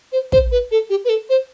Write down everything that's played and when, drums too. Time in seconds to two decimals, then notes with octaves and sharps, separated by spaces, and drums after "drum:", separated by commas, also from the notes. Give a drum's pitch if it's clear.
0.12 C5
0.32 C5, drum: kick
0.52 B4
0.71 A4
0.90 G4
1.05 B4
1.09 A4
1.29 C5